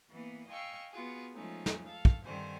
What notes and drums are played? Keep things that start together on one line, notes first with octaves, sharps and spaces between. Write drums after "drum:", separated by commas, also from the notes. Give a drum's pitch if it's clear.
E3 A#3 B3
D#5 F5 G5 G#5 C#6 E6
B3 F4 F#4 G#4
F3 G#3 A3 C#4 D#4
drum: snare
A4 F5
drum: kick
G2 D3 D#3 C4 C5 G#5